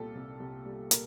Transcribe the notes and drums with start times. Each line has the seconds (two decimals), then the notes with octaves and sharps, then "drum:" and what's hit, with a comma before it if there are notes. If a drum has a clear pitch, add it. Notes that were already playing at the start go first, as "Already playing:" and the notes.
Already playing: C2 A#2 G3 F4 G4 A4
0.15 C2
0.40 C2
0.65 G3
0.91 A#2 A#4, drum: hi-hat